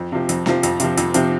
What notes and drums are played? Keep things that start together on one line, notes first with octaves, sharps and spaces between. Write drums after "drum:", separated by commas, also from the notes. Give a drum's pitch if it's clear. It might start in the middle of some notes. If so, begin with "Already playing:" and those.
Already playing: F2
C3 F3
F2, drum: hi-hat
C3 F3, drum: snare
F2, drum: hi-hat
C3 F3, drum: hi-hat
F2, drum: hi-hat
C3 F3, drum: hi-hat